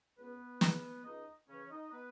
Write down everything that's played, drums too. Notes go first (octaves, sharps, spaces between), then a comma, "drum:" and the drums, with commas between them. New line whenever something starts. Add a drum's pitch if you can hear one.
C#2 B3 B4
C#3 E3, drum: snare
C#2 D#4 D#5
C#3 E3 C#4 C#5
D#4 D#5
B3 B4